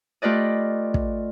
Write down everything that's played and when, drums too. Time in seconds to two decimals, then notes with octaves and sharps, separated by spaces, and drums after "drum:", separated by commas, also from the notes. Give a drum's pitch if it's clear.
0.22 A3 F4 G4 B4 D5 D#5
0.94 drum: kick